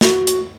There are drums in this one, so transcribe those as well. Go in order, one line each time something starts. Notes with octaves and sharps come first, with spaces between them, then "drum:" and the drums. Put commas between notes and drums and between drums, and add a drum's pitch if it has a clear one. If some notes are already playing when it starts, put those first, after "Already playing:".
F#4, drum: snare
drum: hi-hat